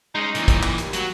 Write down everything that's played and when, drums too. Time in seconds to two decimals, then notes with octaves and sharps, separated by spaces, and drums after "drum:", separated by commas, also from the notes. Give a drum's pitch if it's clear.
0.15 G#3 C#4 D#4
0.35 A#2 E3, drum: hi-hat
0.48 drum: kick, hi-hat
0.63 drum: clap
0.78 D#2, drum: hi-hat
0.93 F#3, drum: hi-hat